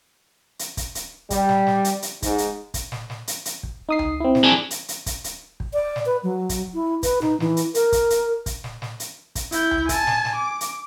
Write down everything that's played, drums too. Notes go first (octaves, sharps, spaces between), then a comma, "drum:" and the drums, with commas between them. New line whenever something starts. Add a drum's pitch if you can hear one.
drum: hi-hat
drum: kick, hi-hat
drum: hi-hat
G3, drum: kick, hi-hat
drum: snare
drum: snare
drum: hi-hat
drum: hi-hat
G#2, drum: kick, hi-hat
drum: hi-hat
drum: kick, hi-hat
drum: snare
drum: snare
drum: hi-hat
drum: hi-hat
drum: kick
D#4 D#6 C7
drum: tom C#2
C4 E4
drum: snare
D4 G#4
drum: hi-hat
drum: hi-hat
drum: kick, hi-hat
drum: hi-hat
drum: kick
D5
drum: snare
B4
F#3
drum: kick, hi-hat
E4
B4, drum: kick, hi-hat
D#4, drum: snare
E3, drum: snare
drum: hi-hat
A#4, drum: hi-hat
drum: kick, hi-hat
drum: hi-hat
drum: kick, hi-hat
drum: snare
drum: snare
drum: hi-hat
drum: kick, hi-hat
E4 G6, drum: hi-hat
drum: tom C#2
G#5 A5, drum: kick, hi-hat
drum: snare
drum: snare
D6
drum: hi-hat